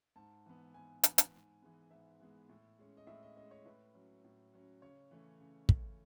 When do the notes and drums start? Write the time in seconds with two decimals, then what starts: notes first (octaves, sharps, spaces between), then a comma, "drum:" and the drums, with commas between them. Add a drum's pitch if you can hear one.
0.16 G#2 A5
0.46 E3 B3
0.74 G#2 G#5
1.04 E3 B3, drum: hi-hat
1.18 drum: hi-hat
1.33 G#2
1.62 E3 G#3 B3
1.91 G#2 E5
2.20 E3 G#3 B3
2.49 A2
2.79 G#3 C#4
2.97 D#5
3.07 A2 E5
3.23 D#5
3.36 G#3 C#4 D#5
3.51 C#5
3.65 A2 B4
3.94 F#3 C#4
4.24 A2
4.53 F#3 C#4
4.82 C#3 C#5
5.11 E3 A3 C#4
5.41 C#3
5.69 E3 A3 C#4, drum: kick